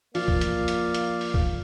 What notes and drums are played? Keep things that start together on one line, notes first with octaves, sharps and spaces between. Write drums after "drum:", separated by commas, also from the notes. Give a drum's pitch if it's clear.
F3 A#3 D5 F5, drum: open hi-hat
drum: kick
drum: hi-hat
drum: hi-hat
drum: hi-hat
drum: open hi-hat
drum: kick